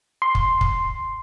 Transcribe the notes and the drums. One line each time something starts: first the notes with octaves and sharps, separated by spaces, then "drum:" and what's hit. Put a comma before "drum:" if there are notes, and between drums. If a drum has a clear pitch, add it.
C6
drum: kick
drum: kick